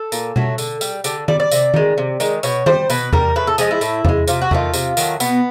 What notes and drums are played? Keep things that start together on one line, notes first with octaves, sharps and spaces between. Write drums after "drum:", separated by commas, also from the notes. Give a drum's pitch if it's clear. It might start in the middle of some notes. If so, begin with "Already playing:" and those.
Already playing: A4
A#2, drum: tambourine
F#3 A3, drum: tom B2
D3, drum: tambourine
G3, drum: tambourine
D3 G4, drum: tambourine
G3 D5, drum: tom D#3
D5
C3, drum: tambourine
D#3 G#3, drum: tom D#3
C3
D#3 G#3, drum: tambourine
B2 C#5, drum: tambourine
G3 C5, drum: tom D#3
B2 B4, drum: tambourine
G3 A#4, drum: tom E2
A2 B4
A4
F3 G#3 G#4, drum: tambourine
E4
A2, drum: tambourine
F3, drum: tom E2
G#3
C3 F4, drum: tambourine
F#4
D#3 F#3 A3 F4, drum: tom E2
C3, drum: tambourine
D#3 F#3 A3, drum: tambourine
B2 B3, drum: tambourine